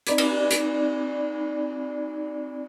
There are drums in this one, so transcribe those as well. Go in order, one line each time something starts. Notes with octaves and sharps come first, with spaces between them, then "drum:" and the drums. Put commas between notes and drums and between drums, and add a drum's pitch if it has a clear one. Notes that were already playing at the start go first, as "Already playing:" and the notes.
C4 D#4 D5 B5 D6 G#6, drum: hi-hat
drum: cymbal
drum: hi-hat